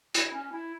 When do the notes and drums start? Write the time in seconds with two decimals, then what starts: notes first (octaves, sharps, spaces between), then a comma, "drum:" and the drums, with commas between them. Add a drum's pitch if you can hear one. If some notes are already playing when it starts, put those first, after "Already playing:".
0.14 E4, drum: hi-hat
0.33 C#4
0.52 E4